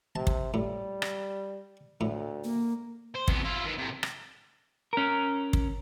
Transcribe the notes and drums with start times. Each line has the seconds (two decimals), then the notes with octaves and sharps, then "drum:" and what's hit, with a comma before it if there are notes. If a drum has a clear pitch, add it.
0.16 C3 A5
0.27 drum: kick
0.54 A2 G3
1.02 drum: rim click
2.01 D2 A2
2.44 A#3
3.15 C5
3.28 F2 B3, drum: kick
3.44 E4 F4
3.65 D#3 B4
3.78 A2 C3
4.03 drum: rim click
4.93 C#4 A#4
5.53 drum: kick